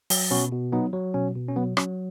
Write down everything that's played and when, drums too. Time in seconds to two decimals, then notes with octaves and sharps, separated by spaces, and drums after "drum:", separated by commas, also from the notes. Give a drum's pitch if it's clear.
0.10 F#3, drum: open hi-hat
0.31 B2 C#4 F#4
0.52 B2
0.72 F#3 B3 D#4
0.93 F#3
1.14 B2 C#4
1.35 B2
1.49 C#4
1.56 F#3 B3
1.77 F#3 C#4, drum: rim click